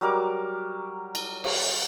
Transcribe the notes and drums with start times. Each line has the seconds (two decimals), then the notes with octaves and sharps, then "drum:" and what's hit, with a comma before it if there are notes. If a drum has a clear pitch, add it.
0.01 F#3 G3 A#4 D6
1.15 drum: cymbal
1.44 drum: cymbal